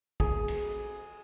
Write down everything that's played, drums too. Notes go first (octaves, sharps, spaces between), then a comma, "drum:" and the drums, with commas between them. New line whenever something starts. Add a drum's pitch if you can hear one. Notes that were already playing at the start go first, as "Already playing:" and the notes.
G#4, drum: kick
drum: cymbal